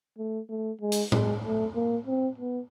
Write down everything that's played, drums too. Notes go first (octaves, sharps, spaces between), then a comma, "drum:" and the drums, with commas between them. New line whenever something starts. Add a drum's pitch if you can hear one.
A3
A3
G#3
drum: hi-hat
G#3, drum: tom A2
A3
A#3
C4
B3